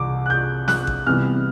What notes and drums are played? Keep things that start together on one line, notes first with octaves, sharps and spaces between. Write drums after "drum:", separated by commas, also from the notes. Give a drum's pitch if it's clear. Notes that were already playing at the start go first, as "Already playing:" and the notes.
Already playing: C2 C3 E3 D6
F#6
G6
F#6, drum: snare
drum: kick A1
C3 E3 G3 B3 F6